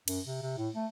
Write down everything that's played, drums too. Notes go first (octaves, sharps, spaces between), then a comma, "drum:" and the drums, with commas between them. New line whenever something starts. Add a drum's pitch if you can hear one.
F#2, drum: cymbal
C3
C3
A2
A3